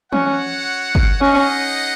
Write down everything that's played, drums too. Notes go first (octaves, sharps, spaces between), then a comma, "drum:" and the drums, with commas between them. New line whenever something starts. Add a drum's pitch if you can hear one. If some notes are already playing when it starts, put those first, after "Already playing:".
C#4 F#4 C#5 F#5, drum: tom E3
drum: kick
C#4 D#4 G#4 D#5 F#5